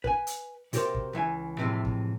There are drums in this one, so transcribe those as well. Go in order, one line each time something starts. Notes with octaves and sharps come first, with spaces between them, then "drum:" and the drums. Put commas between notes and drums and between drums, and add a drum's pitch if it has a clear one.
B4 G#5, drum: kick
drum: hi-hat
C3 F#4 G4 A#4 C5, drum: hi-hat
drum: kick
C#2 E3 E5 G#5
A2 C3 E3 F3 G#3
drum: kick